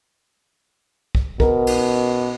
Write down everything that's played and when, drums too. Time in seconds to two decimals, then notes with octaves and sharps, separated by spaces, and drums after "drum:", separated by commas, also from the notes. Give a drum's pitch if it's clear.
1.15 drum: kick
1.40 B2 A#4, drum: kick
1.67 drum: cymbal